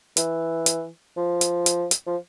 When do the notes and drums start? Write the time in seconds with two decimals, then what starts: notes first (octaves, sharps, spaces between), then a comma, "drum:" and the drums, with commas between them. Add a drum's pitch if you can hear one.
0.17 E3, drum: hi-hat
0.66 drum: hi-hat
1.17 F3
1.41 drum: hi-hat
1.66 drum: hi-hat
1.91 drum: hi-hat
2.07 F3